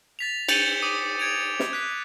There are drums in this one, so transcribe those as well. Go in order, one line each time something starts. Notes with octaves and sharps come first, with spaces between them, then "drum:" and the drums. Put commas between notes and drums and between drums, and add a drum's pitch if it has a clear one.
A6 B6 F7
G6 A6 C#7 D#7 E7 G7, drum: cymbal
D6 D#6 D#7
G#6 D7 F7
drum: snare
F#6 B6